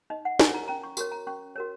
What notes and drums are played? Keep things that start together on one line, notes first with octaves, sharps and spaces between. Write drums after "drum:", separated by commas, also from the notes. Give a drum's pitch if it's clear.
D#4 D#5
F#5
A#4 C#5 G#5, drum: snare
A#5
C#4 A#5
C#6
F#4 A#4 C#5 C#6, drum: tambourine
A#5
C#4 C#6
F#4 A#4 C#5